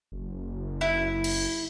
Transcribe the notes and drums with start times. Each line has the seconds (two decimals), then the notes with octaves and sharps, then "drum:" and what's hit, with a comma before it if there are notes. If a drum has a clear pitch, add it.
0.12 F#1
0.81 E4
1.24 drum: cymbal